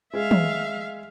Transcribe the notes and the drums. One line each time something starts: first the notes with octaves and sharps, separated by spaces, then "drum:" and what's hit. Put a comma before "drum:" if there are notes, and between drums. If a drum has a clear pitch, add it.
G#3 G#4 E5 F5
drum: tom